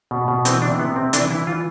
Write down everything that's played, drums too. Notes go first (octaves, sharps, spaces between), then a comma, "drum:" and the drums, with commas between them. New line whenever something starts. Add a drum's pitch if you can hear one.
B2
B2
E3 C4, drum: hi-hat
C3 D4
C3 B3
C3 C4
E3 D4, drum: hi-hat
E3 E4
E3 F4